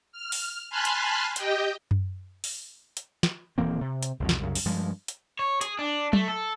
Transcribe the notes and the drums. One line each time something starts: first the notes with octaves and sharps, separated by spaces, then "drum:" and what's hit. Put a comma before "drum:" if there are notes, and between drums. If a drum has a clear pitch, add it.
F6
drum: open hi-hat
G#5 A5 B5 C6 F6 F#6
drum: hi-hat
G4 D#5 G5, drum: hi-hat
drum: tom F#2
drum: open hi-hat
drum: hi-hat
drum: snare
D#1 E3 A#3 C4
C3
drum: hi-hat
C2 F2 B2
drum: snare
C2 F#2 C#3
drum: open hi-hat
G2 F3 G#3
drum: hi-hat
C#5
G#4, drum: hi-hat
D4
A3, drum: tom F#3
A4